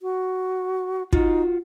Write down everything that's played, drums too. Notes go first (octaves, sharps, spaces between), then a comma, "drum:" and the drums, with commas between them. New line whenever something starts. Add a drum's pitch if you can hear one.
F#4
D#4 F4 F#4, drum: kick